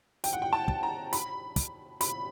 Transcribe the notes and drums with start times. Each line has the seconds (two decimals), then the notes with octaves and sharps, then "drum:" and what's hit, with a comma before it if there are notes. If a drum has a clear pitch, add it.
0.24 G5, drum: hi-hat
0.33 F#5
0.42 G5
0.53 A5
0.68 drum: kick
0.83 A#5
1.13 B5, drum: hi-hat
1.56 drum: kick, hi-hat
2.01 B5, drum: hi-hat